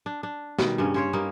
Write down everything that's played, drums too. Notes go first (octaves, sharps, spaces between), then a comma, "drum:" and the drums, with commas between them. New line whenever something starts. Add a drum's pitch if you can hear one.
D4
D4
B2 D#3 G3, drum: snare
G2 C#3 A#3 C#4
C#4 C5 C#5
G3 A#3 D#4